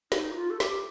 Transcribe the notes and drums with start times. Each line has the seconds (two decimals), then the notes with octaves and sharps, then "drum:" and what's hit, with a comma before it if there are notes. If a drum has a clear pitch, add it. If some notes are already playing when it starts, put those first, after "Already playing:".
0.12 D#4, drum: snare
0.31 G4
0.35 F4
0.50 A4
0.60 G4, drum: snare